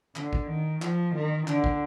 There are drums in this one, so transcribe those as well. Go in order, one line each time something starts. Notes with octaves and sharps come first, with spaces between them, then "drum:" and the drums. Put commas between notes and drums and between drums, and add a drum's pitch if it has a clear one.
D3, drum: clap
drum: kick
D#3
F3, drum: clap
D#3
D3, drum: clap
drum: kick